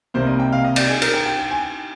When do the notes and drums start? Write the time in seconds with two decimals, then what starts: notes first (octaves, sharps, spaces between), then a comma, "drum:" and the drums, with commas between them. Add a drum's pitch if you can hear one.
0.14 C2 C3 D#3 G3 A#3 C5
0.27 D#5
0.39 G5
0.52 F5
0.64 D#5
0.76 D5, drum: cymbal
0.89 G#4
1.02 A#4, drum: cymbal
1.14 G5
1.26 G5
1.39 G5
1.51 G#5